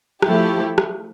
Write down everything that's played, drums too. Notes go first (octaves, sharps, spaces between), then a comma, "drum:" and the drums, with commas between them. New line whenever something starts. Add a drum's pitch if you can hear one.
F3 A3 E4 G4, drum: rim click
drum: rim click